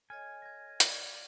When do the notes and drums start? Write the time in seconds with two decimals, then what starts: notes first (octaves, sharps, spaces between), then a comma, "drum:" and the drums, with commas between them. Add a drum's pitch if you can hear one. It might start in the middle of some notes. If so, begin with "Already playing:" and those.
0.10 A4 C#5 D#5 G#5 F6
0.42 G#6 A#6
0.80 D5, drum: hi-hat